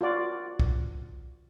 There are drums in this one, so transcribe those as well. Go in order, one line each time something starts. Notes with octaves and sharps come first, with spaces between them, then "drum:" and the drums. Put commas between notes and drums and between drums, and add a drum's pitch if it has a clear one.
F4 F#4 D5
drum: kick B1